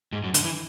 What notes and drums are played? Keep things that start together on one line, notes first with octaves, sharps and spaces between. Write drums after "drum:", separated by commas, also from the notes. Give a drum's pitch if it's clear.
G#2
F#2
D3, drum: hi-hat
E3